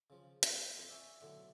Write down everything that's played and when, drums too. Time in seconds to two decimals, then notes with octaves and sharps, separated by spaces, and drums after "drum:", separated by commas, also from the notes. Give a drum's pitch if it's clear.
0.10 C#3 F3
0.43 F4, drum: hi-hat
0.78 F2
0.89 D5 E5 G#5 A5 C#6
1.20 B1 A2 D3 D4 F#5